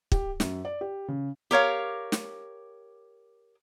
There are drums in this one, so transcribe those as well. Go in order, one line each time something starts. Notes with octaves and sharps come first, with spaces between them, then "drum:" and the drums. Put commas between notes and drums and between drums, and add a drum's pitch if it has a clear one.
G4, drum: kick
F#2, drum: snare
D5
G4
C#3
G4 A#4 C#5 F5
drum: snare